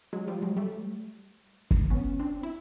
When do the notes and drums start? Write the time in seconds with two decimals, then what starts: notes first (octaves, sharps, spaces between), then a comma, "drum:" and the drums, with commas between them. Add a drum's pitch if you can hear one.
0.13 F#3 G#3
0.28 F3 G3
0.42 F#3 G#3
0.57 G3 A3
1.71 drum: kick
1.90 B3 C#4
2.19 C4 D4
2.43 E4